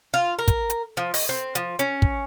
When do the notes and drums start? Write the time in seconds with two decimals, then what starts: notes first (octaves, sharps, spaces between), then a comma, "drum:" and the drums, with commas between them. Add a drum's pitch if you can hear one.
0.14 F4
0.39 A#4
0.48 drum: kick, hi-hat
0.70 drum: hi-hat
0.97 F3
1.14 D#5, drum: open hi-hat
1.29 C4
1.55 F3, drum: hi-hat
1.79 C#4, drum: hi-hat
2.02 drum: kick